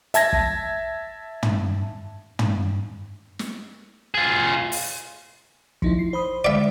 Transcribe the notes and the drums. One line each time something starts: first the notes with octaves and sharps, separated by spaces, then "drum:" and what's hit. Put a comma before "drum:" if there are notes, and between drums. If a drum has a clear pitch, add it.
E5 A5 G#6 A#6, drum: hi-hat
drum: kick
drum: tom
drum: tom
drum: snare
F4 G#4
drum: open hi-hat
F3 D#4 E4, drum: kick
C7
C5 B5 D#6
D3 G#3 D5 E5